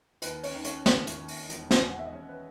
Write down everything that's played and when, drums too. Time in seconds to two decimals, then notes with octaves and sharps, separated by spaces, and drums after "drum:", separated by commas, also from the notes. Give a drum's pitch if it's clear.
0.22 D#2 B4, drum: hi-hat
0.43 C#4 C#5, drum: open hi-hat
0.54 D#3
0.64 C#4 C#5, drum: hi-hat
0.86 D#2, drum: snare
1.07 drum: hi-hat
1.17 D#2
1.28 drum: open hi-hat
1.50 E1, drum: hi-hat
1.71 drum: snare
1.81 E1 G#5
1.90 F#5
1.98 E5
2.06 D#5
2.13 E1 C#4 C#5
2.29 B4